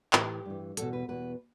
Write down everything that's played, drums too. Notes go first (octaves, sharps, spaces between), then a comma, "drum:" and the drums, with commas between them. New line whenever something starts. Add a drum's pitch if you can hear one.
A2 E3 G4, drum: clap
G2 E3
E2 B2 A4, drum: hi-hat
B4
E2 B2 B4